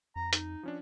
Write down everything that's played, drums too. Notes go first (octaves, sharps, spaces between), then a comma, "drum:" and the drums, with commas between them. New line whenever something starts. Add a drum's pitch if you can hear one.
F2 A#5
D#4, drum: hi-hat
F3 C#4 D4